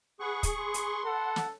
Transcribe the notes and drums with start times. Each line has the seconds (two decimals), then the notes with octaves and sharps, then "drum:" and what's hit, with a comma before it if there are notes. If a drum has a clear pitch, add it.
0.20 G#4 B4 F#5 C#6
0.43 drum: kick, hi-hat
0.58 B4 C6
0.74 drum: hi-hat
1.05 A4 F#5
1.36 drum: snare